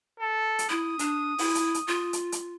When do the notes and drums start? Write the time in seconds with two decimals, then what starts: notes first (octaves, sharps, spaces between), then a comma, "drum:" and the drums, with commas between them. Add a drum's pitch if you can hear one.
0.20 A4
0.59 drum: hi-hat
0.69 E4 D#6
0.99 D4, drum: hi-hat
1.38 E4, drum: open hi-hat
1.55 drum: hi-hat
1.74 drum: hi-hat
1.88 F4
2.13 drum: hi-hat
2.32 drum: hi-hat